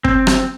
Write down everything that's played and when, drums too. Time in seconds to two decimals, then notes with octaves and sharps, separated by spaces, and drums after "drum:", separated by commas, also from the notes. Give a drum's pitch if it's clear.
0.04 C4, drum: kick
0.27 drum: rim click